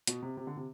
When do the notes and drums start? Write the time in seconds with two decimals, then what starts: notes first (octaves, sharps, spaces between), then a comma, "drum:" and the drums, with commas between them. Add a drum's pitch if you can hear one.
0.07 B2, drum: hi-hat
0.22 C3
0.37 C3
0.47 D3
0.57 C3